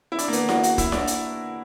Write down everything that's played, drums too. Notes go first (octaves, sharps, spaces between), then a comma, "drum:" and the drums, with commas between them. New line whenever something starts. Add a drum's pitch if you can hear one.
E4
D4, drum: hi-hat
A#3
B3, drum: hi-hat
F#4, drum: snare E4
F#4, drum: hi-hat
E4, drum: kick, hi-hat
D4, drum: snare E4
drum: hi-hat